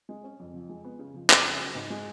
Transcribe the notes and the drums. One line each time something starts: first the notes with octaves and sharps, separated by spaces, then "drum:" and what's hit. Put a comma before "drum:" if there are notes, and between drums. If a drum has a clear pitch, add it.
G#3
C#4
F2
F3
G#3
B3
C#3
F3
F2, drum: clap
C#3
F#3
G#2
G#3